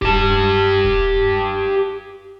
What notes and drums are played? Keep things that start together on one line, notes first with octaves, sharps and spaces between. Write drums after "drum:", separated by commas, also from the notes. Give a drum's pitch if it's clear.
G4 A5, drum: kick D#1
drum: kick D#1